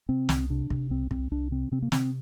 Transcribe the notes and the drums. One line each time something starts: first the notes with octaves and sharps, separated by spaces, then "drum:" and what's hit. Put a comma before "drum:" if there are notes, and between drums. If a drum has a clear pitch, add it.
C3 C4
C2, drum: snare
C3 D4
C3, drum: kick
C2 C4
C2 C4, drum: kick
C2 D4
C3 C4
C3 C4
A#3
C3 C4, drum: snare